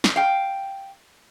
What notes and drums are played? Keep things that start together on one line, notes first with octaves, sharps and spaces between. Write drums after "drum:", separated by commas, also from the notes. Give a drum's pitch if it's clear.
drum: snare
F5 G5